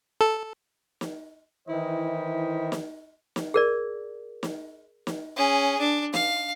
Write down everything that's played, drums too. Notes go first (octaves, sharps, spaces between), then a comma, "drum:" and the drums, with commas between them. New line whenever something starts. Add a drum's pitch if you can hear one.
A4
drum: snare
D#3 E3 E4 C5 D#5
drum: snare
drum: snare
G#4 A#4 D5
drum: snare
drum: snare
C#4 G#4
D4
F5, drum: snare